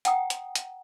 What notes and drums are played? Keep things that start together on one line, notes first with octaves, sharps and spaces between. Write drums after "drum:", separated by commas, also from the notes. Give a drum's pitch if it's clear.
F#5 G5 A#5 D#6, drum: hi-hat
drum: hi-hat
drum: hi-hat